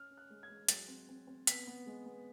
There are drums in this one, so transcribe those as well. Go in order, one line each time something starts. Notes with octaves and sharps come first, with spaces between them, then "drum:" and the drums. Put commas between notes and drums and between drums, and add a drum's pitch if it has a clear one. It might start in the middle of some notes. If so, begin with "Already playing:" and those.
Already playing: C#4 F6
C#4
F#6
G#3
G#6
G#3
F#3 A6, drum: hi-hat
C4
C4
C4
B3 B6, drum: hi-hat
B3
G#3
B3